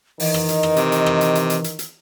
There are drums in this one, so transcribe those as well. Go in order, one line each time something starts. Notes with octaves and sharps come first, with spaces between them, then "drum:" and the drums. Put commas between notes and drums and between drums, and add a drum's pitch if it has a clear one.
D#3 E3 D#5, drum: open hi-hat
drum: rim click
drum: hi-hat
drum: rim click
C3, drum: hi-hat
drum: hi-hat
drum: rim click
drum: hi-hat
drum: hi-hat
drum: hi-hat
drum: hi-hat
drum: hi-hat